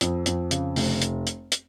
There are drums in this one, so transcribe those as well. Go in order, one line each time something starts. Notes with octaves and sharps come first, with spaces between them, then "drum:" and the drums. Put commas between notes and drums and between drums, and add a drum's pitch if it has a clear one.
F2, drum: hi-hat
F2, drum: hi-hat
C#3, drum: hi-hat
F1, drum: open hi-hat
drum: hi-hat
drum: hi-hat
drum: hi-hat